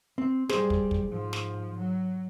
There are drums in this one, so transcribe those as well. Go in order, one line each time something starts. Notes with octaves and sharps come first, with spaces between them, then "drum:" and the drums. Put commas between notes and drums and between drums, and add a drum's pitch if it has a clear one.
C4
G3 G#4 C5, drum: snare
drum: kick
drum: kick
G#2 F3
drum: snare
F#3